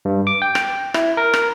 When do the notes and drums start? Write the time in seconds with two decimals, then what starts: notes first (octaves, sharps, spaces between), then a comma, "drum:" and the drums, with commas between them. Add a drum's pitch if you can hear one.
0.05 G2
0.27 D6
0.42 G5
0.55 drum: rim click
0.94 E4, drum: rim click
1.17 A#4
1.34 drum: rim click